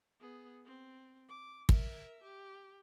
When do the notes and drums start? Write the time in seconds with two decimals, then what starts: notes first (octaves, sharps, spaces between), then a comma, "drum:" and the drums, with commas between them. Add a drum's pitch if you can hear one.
0.20 B3 G#4
0.66 C4
1.29 D6
1.69 A#4 E5, drum: kick
2.23 G4